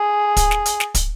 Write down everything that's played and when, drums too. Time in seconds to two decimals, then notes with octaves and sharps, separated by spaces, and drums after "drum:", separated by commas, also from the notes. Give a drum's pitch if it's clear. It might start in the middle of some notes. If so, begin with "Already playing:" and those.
Already playing: G#4
0.36 drum: kick, hi-hat
0.51 drum: snare
0.66 drum: hi-hat
0.80 drum: snare
0.95 drum: kick, hi-hat